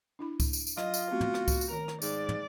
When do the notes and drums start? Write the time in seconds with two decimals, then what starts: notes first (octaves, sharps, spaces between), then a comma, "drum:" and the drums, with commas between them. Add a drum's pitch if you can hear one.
0.19 D4 E4 B5
0.40 drum: kick C2, tambourine
0.53 drum: tambourine
0.67 drum: tambourine
0.78 F#3 F4 D#5, drum: rim click
0.94 drum: tambourine
1.11 A3 B3 C4 F#4
1.21 drum: tom
1.34 drum: rim click
1.48 drum: kick C2, tambourine
1.61 drum: tambourine
1.71 D#3 A#4 C#5
1.88 drum: rim click
2.02 G#2 D5, drum: tambourine
2.29 drum: tom